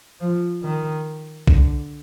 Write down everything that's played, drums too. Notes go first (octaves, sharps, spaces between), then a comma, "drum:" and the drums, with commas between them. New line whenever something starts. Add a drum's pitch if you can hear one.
F3
D#3
D3, drum: kick